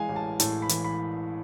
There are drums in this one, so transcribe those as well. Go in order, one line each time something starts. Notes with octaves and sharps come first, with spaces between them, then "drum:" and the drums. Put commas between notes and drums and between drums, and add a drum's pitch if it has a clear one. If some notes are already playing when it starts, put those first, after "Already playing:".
Already playing: E3 G#3 F5 G#5
A1
A5
A2 A5, drum: hi-hat
B5
E3, drum: hi-hat
B5